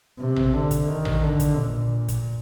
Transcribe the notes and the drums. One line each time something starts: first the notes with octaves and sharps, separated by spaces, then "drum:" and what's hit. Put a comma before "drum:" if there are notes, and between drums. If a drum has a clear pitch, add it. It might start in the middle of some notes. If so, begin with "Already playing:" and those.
C3
drum: tom A1
D3
drum: kick, hi-hat
D#3
drum: tom A1
D3
drum: kick, hi-hat
A#2
drum: kick, hi-hat